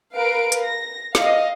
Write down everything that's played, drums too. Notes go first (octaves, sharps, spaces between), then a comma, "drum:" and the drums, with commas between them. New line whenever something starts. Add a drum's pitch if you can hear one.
A#4 B4 F5 D7
drum: hi-hat
A#6
D#5 F5, drum: snare